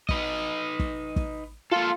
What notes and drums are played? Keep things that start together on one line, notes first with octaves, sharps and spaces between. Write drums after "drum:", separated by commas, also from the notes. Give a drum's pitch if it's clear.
D#4 B4 D#5, drum: kick
drum: kick
drum: kick
A#3 F4 A4